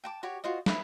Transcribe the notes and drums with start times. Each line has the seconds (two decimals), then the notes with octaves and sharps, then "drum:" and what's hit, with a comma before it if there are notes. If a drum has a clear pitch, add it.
0.04 G5 A5 D6
0.23 F#4 G4 C#5
0.44 F4 F#4 C5 D#5
0.66 E4 G#4 B4, drum: snare